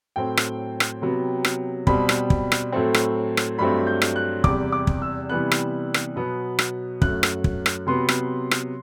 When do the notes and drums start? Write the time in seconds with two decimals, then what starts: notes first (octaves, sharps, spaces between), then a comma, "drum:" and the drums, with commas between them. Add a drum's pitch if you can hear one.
0.16 A2 F#3 C4 G5
0.37 drum: rim click
0.80 drum: rim click
1.02 C3 F#3 B3
1.44 drum: rim click
1.87 B2 G3 C4 B5, drum: kick
2.09 drum: rim click
2.30 drum: kick
2.52 drum: rim click
2.72 A2 F#3 A3 C4
2.94 drum: rim click
3.37 drum: rim click
3.59 G2 F#3 A3 C4 B5
3.87 G6
4.02 drum: rim click
4.16 F#6
4.44 E2 C3 G3 D6, drum: kick
4.72 D6
4.87 drum: kick
5.02 E6
5.29 C3 E3 G3 B3 F#6
5.51 drum: rim click
5.94 drum: rim click
6.16 B2 F#3 B3
6.59 drum: rim click
7.02 F#2 F#3 A3 F#6, drum: kick
7.23 drum: rim click
7.44 drum: kick
7.66 drum: rim click
7.87 C3 F#3 B3 C6
8.09 drum: rim click
8.51 drum: rim click